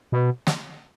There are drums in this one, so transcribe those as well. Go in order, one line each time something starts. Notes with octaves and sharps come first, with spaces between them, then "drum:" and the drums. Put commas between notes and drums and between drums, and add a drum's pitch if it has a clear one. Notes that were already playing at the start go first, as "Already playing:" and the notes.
B2
drum: snare